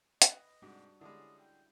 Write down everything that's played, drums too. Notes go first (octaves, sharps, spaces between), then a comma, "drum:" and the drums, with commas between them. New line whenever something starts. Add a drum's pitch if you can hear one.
B4 D#5, drum: hi-hat
G#2 C3 G3 D4 F#4
D3 G3 G#3 C#4 E4 D#6
G5